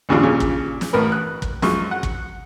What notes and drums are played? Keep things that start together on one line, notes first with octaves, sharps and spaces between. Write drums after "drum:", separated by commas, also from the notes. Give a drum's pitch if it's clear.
A#1 D#2 C#3 D4 F4
A#2 C#3
drum: kick
drum: snare
A1 A2 A#4 B4
F#6
drum: kick
F#2 F3 G#3 F4 C#6, drum: snare
F#5
drum: kick